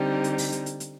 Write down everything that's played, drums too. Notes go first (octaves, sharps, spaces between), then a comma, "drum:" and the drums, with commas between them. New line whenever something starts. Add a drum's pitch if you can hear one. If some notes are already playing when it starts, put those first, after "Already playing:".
Already playing: D3 G3 C4 D#4
drum: hi-hat
drum: open hi-hat
drum: hi-hat
drum: hi-hat
drum: hi-hat